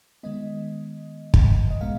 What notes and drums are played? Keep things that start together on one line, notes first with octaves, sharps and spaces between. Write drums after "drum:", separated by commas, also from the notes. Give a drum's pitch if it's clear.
D#3 G#3 B3 D#5
drum: kick
D#5
A#2 G#3 B3 F5